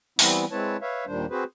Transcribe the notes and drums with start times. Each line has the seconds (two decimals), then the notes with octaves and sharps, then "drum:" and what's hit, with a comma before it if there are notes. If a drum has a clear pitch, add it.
0.19 E3 G3 B3 C4 E4, drum: open hi-hat
0.51 G#3 C4 E4 B4 C#5 A5
0.82 B4 C#5 E5 F5
1.07 D#2 A#2 D#3 G3 D4 C5
1.30 C4 F#4 G#4 B4 C5